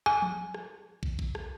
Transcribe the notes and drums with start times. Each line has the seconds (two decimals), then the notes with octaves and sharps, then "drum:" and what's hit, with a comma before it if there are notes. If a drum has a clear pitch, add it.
0.06 G#5, drum: rim click
0.22 drum: tom F3
0.54 drum: rim click
1.03 drum: kick
1.19 drum: kick
1.35 drum: rim click